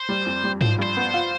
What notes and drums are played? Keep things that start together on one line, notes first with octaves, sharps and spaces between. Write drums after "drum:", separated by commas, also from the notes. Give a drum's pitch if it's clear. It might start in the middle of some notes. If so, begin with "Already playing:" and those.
Already playing: C5
G3
F2
G3
F3 C5, drum: tom G#2
G2 C5
B3
F4